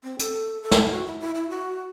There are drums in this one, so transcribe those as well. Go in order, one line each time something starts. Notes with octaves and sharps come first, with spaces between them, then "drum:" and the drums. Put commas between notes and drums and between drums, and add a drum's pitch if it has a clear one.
C4
A4, drum: hi-hat
A4
drum: snare
E4
F#4
E4
E4
E4
F#4